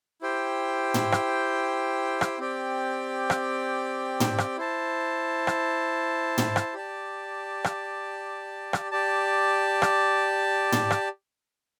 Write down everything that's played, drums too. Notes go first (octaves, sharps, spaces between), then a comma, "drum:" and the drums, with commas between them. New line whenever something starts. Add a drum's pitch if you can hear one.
E4 G4 C5 G5
drum: tom
drum: rim click
drum: rim click
C4 G4 D5 G5
drum: rim click
drum: tom
drum: rim click
E4 C5 A5
drum: rim click
drum: tom
drum: rim click
G4 D5 A5
drum: rim click
drum: rim click
G4 D5 A5
drum: rim click
drum: tom
drum: rim click